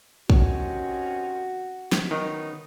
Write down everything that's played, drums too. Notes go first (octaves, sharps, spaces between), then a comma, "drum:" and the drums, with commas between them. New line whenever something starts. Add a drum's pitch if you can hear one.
C3 D#3 C#4 F#4, drum: kick
drum: snare
D#3 B3 C#4 D#4